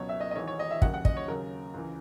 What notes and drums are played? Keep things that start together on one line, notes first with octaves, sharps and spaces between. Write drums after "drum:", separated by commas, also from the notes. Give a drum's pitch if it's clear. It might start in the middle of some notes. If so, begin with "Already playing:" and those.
Already playing: C#2 B2 F#3 C#5
E5
D#5
D#5
G#1 G#2 E3 C#5
C#5
D#5
E5
D#2 C#3 F#3 F#5, drum: kick
F#5
D#5, drum: kick
C#5
D#2 C#3 F#3 A#4
C#2 C#3 E3